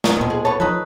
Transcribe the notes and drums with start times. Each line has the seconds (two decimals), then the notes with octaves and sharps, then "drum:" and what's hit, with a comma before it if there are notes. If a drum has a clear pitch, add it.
0.04 C#4 D#4 C#6, drum: snare
0.17 B2 D#3 F3 G#3 A#3
0.30 G#4
0.45 B3 C#5 A5
0.60 F3 D#4 A4 B4